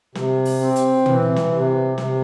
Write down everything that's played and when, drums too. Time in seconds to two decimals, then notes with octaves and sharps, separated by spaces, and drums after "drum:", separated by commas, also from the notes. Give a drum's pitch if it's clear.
0.15 C3, drum: snare
0.45 drum: open hi-hat
0.61 C4
0.76 drum: hi-hat
1.06 E3, drum: tom
1.36 drum: snare
1.51 C3
1.98 C3, drum: snare